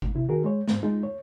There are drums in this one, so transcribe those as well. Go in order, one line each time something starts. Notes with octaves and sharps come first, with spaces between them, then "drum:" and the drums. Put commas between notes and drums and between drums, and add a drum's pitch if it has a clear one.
drum: kick G#1
C3 E4
D#3 F#4 G#4 A#4
G#3 C#5
G#2 C4, drum: snare
G#3 D#4 F4
C#5